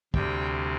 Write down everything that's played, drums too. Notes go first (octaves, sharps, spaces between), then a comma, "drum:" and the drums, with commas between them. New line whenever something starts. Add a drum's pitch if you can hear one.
D2 C3 G3 G5, drum: kick